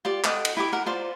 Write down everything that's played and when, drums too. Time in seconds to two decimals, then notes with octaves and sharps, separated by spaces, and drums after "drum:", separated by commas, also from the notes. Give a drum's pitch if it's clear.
0.05 F4 G4 D5
0.24 A4 D#5 F#5 G5, drum: clap
0.45 drum: cymbal
0.57 E4 G4 D6
0.73 A#4 F#5
0.86 F4 C5 D5